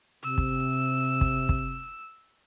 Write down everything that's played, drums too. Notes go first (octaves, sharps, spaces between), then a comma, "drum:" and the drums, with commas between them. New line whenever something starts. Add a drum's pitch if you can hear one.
C3 E6
drum: kick
drum: kick
drum: kick